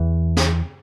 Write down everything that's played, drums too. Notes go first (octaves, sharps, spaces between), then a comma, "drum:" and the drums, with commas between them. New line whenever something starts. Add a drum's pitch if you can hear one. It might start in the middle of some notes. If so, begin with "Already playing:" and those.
Already playing: E2 E3
drum: snare